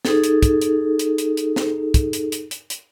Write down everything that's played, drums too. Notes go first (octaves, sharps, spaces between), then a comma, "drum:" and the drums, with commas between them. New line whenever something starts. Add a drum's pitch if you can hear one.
D#4 G#4 A4, drum: snare
drum: hi-hat
drum: kick, hi-hat
drum: hi-hat
drum: hi-hat
drum: hi-hat
drum: hi-hat
drum: snare
drum: kick, hi-hat
drum: hi-hat
drum: hi-hat
drum: hi-hat
drum: hi-hat